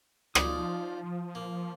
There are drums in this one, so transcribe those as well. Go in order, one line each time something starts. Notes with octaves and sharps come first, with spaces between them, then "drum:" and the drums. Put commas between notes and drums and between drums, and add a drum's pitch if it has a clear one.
F3 D#4 F4 D5 G#5 D#6, drum: rim click
A#3